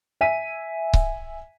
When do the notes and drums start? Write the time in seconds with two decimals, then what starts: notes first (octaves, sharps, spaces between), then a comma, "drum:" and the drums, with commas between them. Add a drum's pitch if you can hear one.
0.21 E5 G#5 B6 D#7
0.94 drum: kick C#1